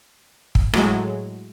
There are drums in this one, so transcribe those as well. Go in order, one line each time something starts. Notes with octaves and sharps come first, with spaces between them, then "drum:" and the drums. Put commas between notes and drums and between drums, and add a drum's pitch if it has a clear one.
drum: kick
A2 F#3 G#3, drum: rim click